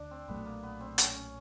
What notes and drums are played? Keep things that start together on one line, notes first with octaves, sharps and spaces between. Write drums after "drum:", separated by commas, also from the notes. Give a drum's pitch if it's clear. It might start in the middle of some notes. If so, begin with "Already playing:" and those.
Already playing: D2 D3 D4
C4
B1 A#2 F#3 A3 B3
A#3
B3
C4
C#4, drum: hi-hat
C#4